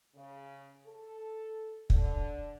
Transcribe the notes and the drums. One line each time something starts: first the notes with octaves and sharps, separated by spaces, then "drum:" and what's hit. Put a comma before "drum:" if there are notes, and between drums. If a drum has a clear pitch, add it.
C#3
A4
D3, drum: kick